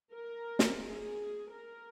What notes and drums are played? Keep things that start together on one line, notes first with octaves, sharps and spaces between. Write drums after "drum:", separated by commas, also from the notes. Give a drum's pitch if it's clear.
A#4
drum: snare
G#4
A#4